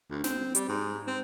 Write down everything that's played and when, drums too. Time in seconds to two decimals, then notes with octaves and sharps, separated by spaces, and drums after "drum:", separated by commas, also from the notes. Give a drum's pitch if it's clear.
0.10 D2
0.24 C4, drum: snare
0.55 G3, drum: hi-hat
0.68 G#2
1.07 C4